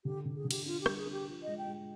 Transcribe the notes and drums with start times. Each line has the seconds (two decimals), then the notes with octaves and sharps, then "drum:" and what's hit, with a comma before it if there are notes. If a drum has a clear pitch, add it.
0.05 D3 G4
0.25 D3
0.35 G#4
0.45 D3
0.51 G4, drum: cymbal
0.66 D4 F4
0.81 G4
0.86 G3, drum: rim click
0.97 G#4
1.07 D4
1.12 G4
1.27 F3
1.43 G#3 D#5
1.58 G5
1.68 G#3